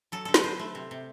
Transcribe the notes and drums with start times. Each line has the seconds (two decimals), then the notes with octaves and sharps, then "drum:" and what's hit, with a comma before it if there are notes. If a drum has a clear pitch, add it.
0.12 F#3 A4
0.25 D3 A4
0.34 B4, drum: snare
0.44 D3 C5
0.59 A3
0.75 C3
0.91 C3